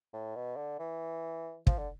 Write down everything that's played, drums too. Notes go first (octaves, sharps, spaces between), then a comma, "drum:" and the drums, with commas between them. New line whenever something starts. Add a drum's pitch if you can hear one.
A2
B2
D3
E3
F3, drum: kick
D3